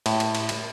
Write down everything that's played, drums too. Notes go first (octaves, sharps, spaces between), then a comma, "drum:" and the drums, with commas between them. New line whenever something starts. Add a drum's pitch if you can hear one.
A2, drum: cymbal
drum: cymbal
drum: cymbal
drum: cymbal